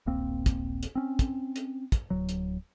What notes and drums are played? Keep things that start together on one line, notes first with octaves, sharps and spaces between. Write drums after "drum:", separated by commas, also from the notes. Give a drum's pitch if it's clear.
D#1 A#1 A#3 C4
drum: kick, hi-hat
drum: hi-hat
C4 C#4
drum: kick, hi-hat
drum: hi-hat
drum: kick, hi-hat
D1 F#3
drum: hi-hat